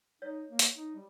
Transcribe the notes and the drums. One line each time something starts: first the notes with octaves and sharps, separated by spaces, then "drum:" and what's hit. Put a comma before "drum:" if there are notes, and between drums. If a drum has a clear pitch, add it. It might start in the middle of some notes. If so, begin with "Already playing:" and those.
D#4 C#5
A#3
drum: hi-hat
D#4
G3